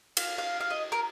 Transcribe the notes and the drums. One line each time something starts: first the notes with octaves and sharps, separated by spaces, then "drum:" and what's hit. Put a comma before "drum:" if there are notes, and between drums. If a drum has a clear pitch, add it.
F5, drum: cymbal
F5
F5
D#5
A#4